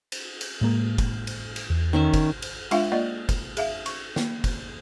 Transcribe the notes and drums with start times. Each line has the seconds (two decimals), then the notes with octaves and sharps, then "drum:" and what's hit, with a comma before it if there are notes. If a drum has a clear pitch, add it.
0.12 drum: cymbal
0.41 drum: cymbal
0.61 A2 G#3 A#3
0.98 drum: kick, cymbal
1.27 drum: cymbal
1.56 drum: cymbal
1.70 E2
1.93 D#3 C#4 E5
2.14 drum: kick, cymbal
2.42 drum: cymbal
2.71 G#3 D4 F4 E5 F5 G5, drum: cymbal
2.92 A#3 F4 D5 D#5 F#5
3.29 drum: kick, cymbal
3.57 G#4 E5 F5, drum: cymbal
3.86 C#6, drum: cymbal
4.16 A#3, drum: snare
4.44 drum: kick, cymbal